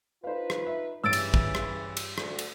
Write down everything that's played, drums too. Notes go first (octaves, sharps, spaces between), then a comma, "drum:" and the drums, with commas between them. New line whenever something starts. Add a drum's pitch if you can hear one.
D#4 F4 B4 C5 F5
drum: rim click
E5
G2 C#3 E3 C#5 E6 A6 D7
drum: cymbal
drum: kick
drum: rim click
drum: cymbal
D2, drum: rim click
drum: cymbal